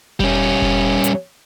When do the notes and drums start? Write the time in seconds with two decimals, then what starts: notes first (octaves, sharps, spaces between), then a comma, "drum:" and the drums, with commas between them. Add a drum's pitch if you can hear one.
0.20 G3 C#4, drum: kick F1
0.62 drum: kick F1
1.04 drum: hi-hat